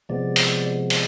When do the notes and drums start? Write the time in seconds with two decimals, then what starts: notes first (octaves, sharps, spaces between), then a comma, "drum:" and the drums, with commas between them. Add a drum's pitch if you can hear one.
0.09 C3 F3 G#3 B3 D5
0.36 drum: open hi-hat
0.90 D5, drum: open hi-hat